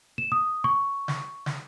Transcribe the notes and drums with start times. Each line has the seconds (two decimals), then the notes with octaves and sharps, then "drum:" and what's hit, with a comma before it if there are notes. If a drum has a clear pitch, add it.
0.18 E7
0.32 D#6
0.64 C#6
1.08 drum: snare
1.46 drum: snare